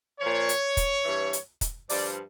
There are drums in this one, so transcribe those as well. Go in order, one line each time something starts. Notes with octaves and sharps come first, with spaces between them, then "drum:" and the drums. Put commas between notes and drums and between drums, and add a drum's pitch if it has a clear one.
A#2 F3 C#5
drum: hi-hat
drum: kick, hi-hat
G2 E3
drum: hi-hat
drum: kick, hi-hat
G2 F3 D5, drum: open hi-hat